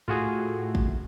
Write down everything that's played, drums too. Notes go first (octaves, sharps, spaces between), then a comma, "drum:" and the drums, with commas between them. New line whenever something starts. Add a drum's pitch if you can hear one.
A2 F4 F#4 G#4
drum: kick